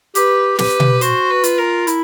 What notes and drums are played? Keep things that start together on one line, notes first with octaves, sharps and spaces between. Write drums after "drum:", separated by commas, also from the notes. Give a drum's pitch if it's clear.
G4 B4, drum: hi-hat
G4 B4, drum: snare
drum: tom B2
F#4 C5, drum: hi-hat
B4
F4, drum: hi-hat
A#4
E4, drum: hi-hat